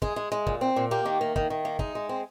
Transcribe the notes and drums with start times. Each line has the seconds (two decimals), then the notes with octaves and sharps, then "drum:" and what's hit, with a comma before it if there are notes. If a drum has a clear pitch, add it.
0.02 G#3 G#4, drum: kick
0.16 G#3
0.32 G#3
0.47 A#2, drum: kick
0.61 C4
0.76 A#2
0.91 A#3 G4
1.05 D#3
1.21 A#3
1.36 D#3, drum: kick
1.50 D#3
1.65 A#3
1.79 G#3 D#4, drum: kick
1.95 G#3
2.09 C4